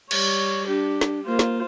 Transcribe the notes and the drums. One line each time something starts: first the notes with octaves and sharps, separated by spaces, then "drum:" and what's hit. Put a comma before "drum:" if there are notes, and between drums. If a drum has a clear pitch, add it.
G3 C#5, drum: cymbal
D4 G4
drum: snare
A#3 F4 C5
drum: snare